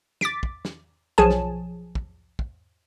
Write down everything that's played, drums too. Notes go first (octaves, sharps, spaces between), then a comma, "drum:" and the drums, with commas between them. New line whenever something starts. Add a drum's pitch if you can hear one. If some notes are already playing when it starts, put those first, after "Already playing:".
D6 A6 B6 D7, drum: snare
drum: kick
drum: snare
B1 F3 G#4 C#5 G#5 A5
drum: snare
drum: kick
drum: kick